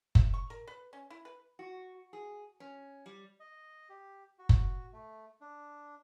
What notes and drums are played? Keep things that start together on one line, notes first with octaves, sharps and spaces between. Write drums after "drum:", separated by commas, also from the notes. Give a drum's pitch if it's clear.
E5, drum: kick F#1
C#6
A#4
B4
C#4
E4
B4
F#4
G#4
C#4
G3
D#5
G4
F#4
drum: kick F#1
A3
D4